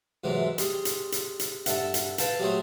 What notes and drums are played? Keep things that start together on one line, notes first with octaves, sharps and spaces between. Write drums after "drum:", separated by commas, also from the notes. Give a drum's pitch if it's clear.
G#2 C3 E3 F#3
G3 G#4 C6, drum: hi-hat
drum: hi-hat
drum: hi-hat
drum: hi-hat
G2 A4 E5 F#5, drum: hi-hat
drum: hi-hat
A4 B4 F5 G5 A5, drum: hi-hat
F#3 G3 A3 G#4 C5 C#5